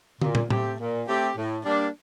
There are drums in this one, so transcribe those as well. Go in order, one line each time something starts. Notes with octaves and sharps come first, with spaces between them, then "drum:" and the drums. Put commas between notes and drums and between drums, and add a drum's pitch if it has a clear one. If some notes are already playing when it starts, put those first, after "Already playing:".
A#2, drum: tom
drum: tom
A3 C4 G4, drum: tom A2
A#2
A3 C4 G4
A2
G3 A#3 D4